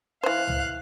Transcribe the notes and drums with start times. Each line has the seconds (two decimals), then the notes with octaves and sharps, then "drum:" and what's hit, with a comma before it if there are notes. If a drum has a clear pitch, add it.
0.23 E3 C5 F5 F#6
0.48 drum: tom C#2